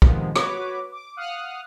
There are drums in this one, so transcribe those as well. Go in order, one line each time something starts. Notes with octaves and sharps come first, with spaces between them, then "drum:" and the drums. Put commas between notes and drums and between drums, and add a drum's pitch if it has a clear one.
C3 D#3 F3 G#3 B3, drum: kick
F#4 B4 C#5 D6, drum: rim click
D6
F5 F#5 D#6 F6 F#6